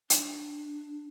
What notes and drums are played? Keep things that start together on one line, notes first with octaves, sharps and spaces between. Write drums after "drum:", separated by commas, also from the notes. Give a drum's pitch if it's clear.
D4, drum: hi-hat